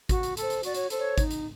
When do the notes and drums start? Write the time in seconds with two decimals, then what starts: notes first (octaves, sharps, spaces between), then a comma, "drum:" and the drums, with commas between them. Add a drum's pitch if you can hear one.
0.09 F#4, drum: kick G#1, hi-hat
0.23 drum: hi-hat
0.37 A4 C5, drum: hi-hat
0.50 drum: hi-hat
0.63 F#4 D5, drum: hi-hat
0.74 C#5, drum: hi-hat
0.90 A4 C5, drum: hi-hat
0.98 C#5
1.18 D#4, drum: kick G#1, hi-hat
1.31 drum: hi-hat